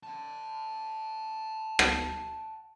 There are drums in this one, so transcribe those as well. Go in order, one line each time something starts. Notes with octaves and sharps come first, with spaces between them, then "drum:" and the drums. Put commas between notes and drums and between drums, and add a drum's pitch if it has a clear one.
F#5 A5
drum: rim click